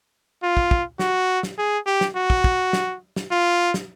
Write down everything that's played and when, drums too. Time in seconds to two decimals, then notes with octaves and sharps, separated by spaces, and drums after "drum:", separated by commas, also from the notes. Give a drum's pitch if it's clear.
0.43 F4
0.57 drum: kick
0.71 drum: kick
0.99 F#4, drum: snare
1.43 drum: snare
1.58 G#4
1.86 G4
2.01 drum: snare
2.16 F#4
2.30 drum: kick
2.44 drum: kick
2.73 drum: snare
3.16 drum: snare
3.31 F4
3.74 drum: snare